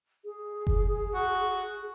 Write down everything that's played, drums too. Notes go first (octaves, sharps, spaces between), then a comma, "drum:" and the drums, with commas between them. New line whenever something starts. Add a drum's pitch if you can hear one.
G#4
drum: kick F#1
F#4